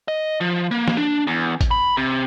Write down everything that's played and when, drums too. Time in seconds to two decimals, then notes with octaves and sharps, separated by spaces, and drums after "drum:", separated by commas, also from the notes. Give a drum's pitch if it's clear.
0.08 D#5
0.41 F3
0.71 A#3
0.88 drum: snare
0.97 D4
1.27 E2
1.61 drum: kick A1, hi-hat
1.71 B5
1.97 C3